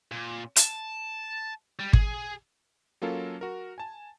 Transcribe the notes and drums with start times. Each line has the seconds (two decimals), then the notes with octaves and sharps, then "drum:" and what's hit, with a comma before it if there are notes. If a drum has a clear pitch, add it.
0.12 A#2
0.56 A5, drum: hi-hat
1.79 G3
1.93 G#4, drum: kick
3.02 F#3 A#3 C#4 F4 A4 A#4
3.41 F#4 A#4
3.78 G#5 A5